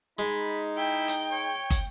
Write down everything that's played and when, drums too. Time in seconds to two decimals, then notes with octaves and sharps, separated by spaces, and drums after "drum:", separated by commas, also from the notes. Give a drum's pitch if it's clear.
0.19 G#3 D#4 B5
0.77 E4 G5
1.08 drum: hi-hat
1.32 C#5
1.70 drum: kick, hi-hat